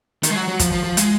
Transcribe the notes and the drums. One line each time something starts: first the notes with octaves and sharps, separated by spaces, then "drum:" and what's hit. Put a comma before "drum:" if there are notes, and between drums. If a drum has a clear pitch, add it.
D#3, drum: hi-hat
G#3
F#3
F#3
F3, drum: kick, hi-hat
F3
F3
G#3, drum: hi-hat